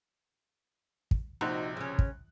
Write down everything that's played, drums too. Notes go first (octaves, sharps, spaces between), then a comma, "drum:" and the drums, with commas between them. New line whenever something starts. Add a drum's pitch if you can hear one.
drum: kick
A#1 C3 D#4 F#4 C5 F#6
C#3 C#4
drum: kick